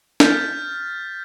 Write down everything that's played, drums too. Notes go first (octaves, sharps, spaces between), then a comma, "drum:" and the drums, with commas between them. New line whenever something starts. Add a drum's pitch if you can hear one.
F6 G6 A6 B6, drum: snare